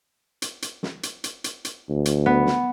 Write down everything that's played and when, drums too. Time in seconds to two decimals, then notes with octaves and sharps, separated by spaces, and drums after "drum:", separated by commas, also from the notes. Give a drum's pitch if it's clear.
0.42 drum: hi-hat
0.62 drum: hi-hat
0.83 drum: snare
1.03 drum: hi-hat
1.24 drum: hi-hat
1.44 drum: hi-hat
1.65 drum: hi-hat
1.89 D2
2.05 drum: hi-hat
2.26 B3
2.46 drum: snare